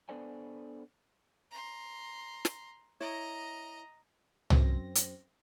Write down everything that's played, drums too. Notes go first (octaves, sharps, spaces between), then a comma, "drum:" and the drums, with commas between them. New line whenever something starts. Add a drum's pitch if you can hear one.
B3 D4 A4 C5 D5 G#5
A#5 C6
drum: snare
E4 C#5 D#5 A#5
F#2 C4 A#6, drum: tom C2
drum: hi-hat